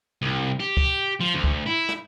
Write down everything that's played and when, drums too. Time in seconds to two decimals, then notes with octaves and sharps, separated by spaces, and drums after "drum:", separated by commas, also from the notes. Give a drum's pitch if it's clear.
0.22 C2
0.60 G4
0.77 drum: kick
1.21 F3
1.35 D2
1.44 drum: kick
1.66 E4
1.89 drum: snare